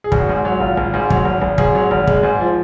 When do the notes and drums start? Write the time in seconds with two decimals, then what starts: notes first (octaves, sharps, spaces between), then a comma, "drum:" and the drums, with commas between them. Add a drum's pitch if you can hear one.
0.04 G#4
0.12 G#1 F#4, drum: kick
0.29 G#2
0.45 F#3
0.60 G#1 F4
0.77 G#1
0.94 G#2
1.10 F#3, drum: kick
1.25 G#1
1.42 G#1
1.58 G#2 G#4, drum: kick
1.75 F#3
1.91 G#1
2.07 G#3, drum: kick
2.23 G#2
2.40 F3